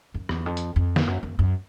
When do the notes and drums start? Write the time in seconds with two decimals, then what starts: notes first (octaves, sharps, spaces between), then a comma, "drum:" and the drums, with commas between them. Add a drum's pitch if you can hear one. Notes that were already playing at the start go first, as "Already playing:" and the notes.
0.14 F#2
0.29 E2, drum: rim click
0.46 F2
0.57 drum: hi-hat
0.76 F2
0.96 drum: snare
1.07 F#2
1.23 F#2
1.39 F#2